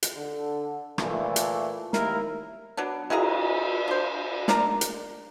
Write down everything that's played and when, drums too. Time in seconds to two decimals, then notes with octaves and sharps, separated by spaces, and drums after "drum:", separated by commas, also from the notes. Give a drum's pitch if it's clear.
0.03 drum: hi-hat
0.15 D3
0.98 A#2 E3 A3, drum: rim click
1.36 drum: hi-hat
1.93 D#2 E4 A#4, drum: snare
2.77 F#3 B3 D4
3.10 F#3 E4 G#4 A#5, drum: cymbal
3.88 D4 C5
4.48 D4 A#4 D5 A#5, drum: snare
4.81 drum: hi-hat